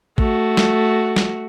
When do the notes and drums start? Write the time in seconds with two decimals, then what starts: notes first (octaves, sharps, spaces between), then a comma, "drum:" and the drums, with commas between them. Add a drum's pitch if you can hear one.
0.18 A3 F#4, drum: kick
0.57 drum: snare
1.16 drum: snare